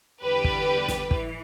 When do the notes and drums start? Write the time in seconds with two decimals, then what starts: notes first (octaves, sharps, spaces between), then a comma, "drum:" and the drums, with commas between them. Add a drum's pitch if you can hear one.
0.22 E2 D3 G3 G4 B4
0.44 drum: kick
0.88 drum: snare
1.11 A2 E3, drum: kick